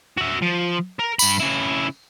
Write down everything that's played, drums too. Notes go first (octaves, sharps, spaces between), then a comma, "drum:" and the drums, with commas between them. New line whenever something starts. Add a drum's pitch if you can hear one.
F#4 E5
F3
A#4
G2 B5, drum: tambourine
C#3 E4